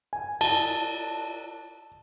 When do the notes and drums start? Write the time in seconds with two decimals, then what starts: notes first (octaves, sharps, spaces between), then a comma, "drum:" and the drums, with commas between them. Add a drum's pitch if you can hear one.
0.13 G#5
0.41 A5, drum: cymbal